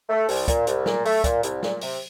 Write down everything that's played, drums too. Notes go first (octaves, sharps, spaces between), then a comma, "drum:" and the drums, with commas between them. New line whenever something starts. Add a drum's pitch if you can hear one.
A3
C2, drum: open hi-hat
A#2, drum: kick, hi-hat
C2, drum: hi-hat
A#2, drum: snare
A3, drum: open hi-hat
A#2, drum: kick, hi-hat
C2, drum: hi-hat
A#2, drum: snare
C3, drum: open hi-hat